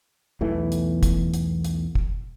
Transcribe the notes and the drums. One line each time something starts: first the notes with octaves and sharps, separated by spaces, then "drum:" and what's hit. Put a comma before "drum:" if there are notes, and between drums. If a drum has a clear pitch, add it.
B1 E2 E3 A3
drum: hi-hat
drum: kick, hi-hat
drum: hi-hat
drum: hi-hat
drum: kick